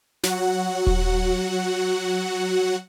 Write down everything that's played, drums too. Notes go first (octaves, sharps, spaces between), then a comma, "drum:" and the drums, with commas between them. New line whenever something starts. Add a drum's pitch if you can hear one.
F#3 F#4 F#5, drum: snare
drum: kick D#1